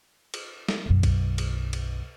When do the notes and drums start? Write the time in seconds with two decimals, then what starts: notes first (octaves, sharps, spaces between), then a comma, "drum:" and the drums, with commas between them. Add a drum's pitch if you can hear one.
0.34 drum: cymbal
0.69 drum: snare
0.86 B1 F#2
1.03 drum: kick, cymbal
1.38 drum: cymbal
1.73 drum: cymbal